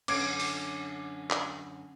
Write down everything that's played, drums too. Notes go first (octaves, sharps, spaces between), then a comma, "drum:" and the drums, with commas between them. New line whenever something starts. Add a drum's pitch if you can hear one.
F#2 D3 C#4 D6 G#6 D7, drum: cymbal
drum: open hi-hat
drum: clap